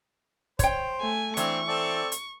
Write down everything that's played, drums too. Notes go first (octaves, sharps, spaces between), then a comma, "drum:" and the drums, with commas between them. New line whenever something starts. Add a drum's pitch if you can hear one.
C5 C#5 G5, drum: kick, hi-hat
A3 G#5
E3 C4 D4 C#6, drum: hi-hat
C4 A4 D5
drum: hi-hat